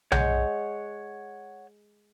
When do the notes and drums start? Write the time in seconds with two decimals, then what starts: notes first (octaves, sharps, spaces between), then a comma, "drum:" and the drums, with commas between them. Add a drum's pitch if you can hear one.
0.12 G#3 C#5 F#5 G6, drum: tom B1